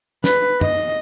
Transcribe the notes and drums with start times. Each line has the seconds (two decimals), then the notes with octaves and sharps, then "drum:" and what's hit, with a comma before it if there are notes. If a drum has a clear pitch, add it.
0.24 B4, drum: snare
0.61 D#5, drum: tom